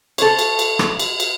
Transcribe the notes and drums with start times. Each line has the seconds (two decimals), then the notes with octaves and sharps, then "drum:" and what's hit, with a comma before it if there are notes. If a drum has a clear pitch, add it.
0.18 A4 C5 C#5, drum: cymbal
0.39 drum: cymbal
0.59 drum: cymbal
0.79 drum: rim click
0.99 drum: cymbal
1.20 drum: cymbal